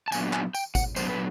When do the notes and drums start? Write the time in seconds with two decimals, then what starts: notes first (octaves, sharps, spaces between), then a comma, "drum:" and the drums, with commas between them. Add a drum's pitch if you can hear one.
0.08 A5
0.12 A#2 F#3 B3 D4 G#5, drum: tambourine
0.33 G#5, drum: clap
0.55 G5, drum: tambourine
0.75 F#5, drum: kick G#1, tambourine
0.96 A#2 F#3 B3 D4 C5, drum: tambourine
1.09 B4